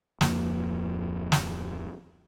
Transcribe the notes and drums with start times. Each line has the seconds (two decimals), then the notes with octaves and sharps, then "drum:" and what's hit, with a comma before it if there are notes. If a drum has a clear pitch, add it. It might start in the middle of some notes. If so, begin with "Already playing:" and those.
0.21 D1 F2 F3 A#3, drum: snare
1.32 drum: snare